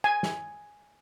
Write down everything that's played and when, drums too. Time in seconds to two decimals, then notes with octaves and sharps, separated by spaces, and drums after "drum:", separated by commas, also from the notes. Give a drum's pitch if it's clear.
0.04 G#5
0.23 drum: snare